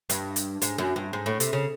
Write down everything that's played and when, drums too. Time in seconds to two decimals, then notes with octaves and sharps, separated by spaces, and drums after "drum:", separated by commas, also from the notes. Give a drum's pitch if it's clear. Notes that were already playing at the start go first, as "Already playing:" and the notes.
0.10 G2, drum: hi-hat
0.36 drum: hi-hat
0.62 G#2, drum: hi-hat
0.78 F#2
0.96 G2
1.13 G#2
1.26 A2
1.40 C3, drum: hi-hat
1.53 C#3